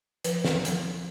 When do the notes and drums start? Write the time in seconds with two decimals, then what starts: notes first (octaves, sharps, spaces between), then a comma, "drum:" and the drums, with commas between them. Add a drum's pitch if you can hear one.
0.24 F3 B4, drum: hi-hat
0.45 drum: snare
0.65 F3, drum: hi-hat